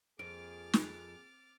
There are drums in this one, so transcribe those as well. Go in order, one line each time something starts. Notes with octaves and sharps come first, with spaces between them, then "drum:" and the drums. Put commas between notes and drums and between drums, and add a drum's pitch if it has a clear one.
F2 F3 A#3 G#4 D6 F6 A6 D7
drum: snare